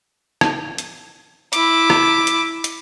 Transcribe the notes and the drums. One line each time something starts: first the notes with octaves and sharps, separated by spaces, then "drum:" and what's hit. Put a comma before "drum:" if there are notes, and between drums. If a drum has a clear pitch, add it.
drum: rim click
drum: hi-hat
E4 D6, drum: hi-hat
drum: rim click
drum: hi-hat
drum: hi-hat